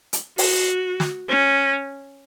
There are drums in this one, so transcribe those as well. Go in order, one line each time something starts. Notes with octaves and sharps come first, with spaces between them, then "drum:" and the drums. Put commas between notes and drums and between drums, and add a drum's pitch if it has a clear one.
drum: hi-hat
F#4, drum: open hi-hat
drum: snare
C#4